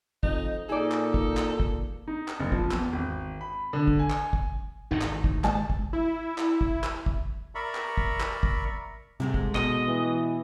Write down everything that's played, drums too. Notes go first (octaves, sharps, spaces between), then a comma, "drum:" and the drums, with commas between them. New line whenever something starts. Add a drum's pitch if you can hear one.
F2 D#4, drum: kick
A#2 D#4 G#4 A4 D5
drum: clap
drum: kick
drum: clap
drum: kick
D#4
drum: clap
F#1
F3, drum: kick
E2, drum: clap
G#1
B5
D3
drum: kick
G#5
drum: clap
drum: kick
G#1 A2 A3 D#4
drum: clap
drum: kick
G#3 A5, drum: clap
drum: kick
E4
drum: clap
drum: kick
drum: clap
drum: kick
A#4 D5 E5 A#5 B5 C#6
drum: clap
drum: kick
drum: clap
drum: kick
G#2 C3 G#3 A3
drum: kick
B2 D#5, drum: clap
E3